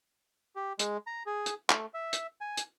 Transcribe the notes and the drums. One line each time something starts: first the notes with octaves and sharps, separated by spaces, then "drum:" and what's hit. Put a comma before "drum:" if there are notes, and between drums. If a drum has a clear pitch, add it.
G4
G#3, drum: hi-hat
A#5
G#4
drum: hi-hat
A3, drum: clap
E5
drum: hi-hat
G#5
drum: hi-hat